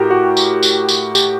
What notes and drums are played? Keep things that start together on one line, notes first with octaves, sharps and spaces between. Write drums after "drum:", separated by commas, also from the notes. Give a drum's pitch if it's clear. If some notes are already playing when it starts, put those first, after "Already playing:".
Already playing: A2 F#4 G4 A#4
F#4
drum: tambourine
drum: tambourine
drum: tambourine
G4, drum: tambourine